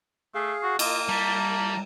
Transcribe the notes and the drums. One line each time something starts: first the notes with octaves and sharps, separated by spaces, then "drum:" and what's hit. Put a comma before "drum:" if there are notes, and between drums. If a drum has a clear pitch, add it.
A3 G#4 F5
F#4
A#3 F4 D#5, drum: cymbal
G3 A5 A#5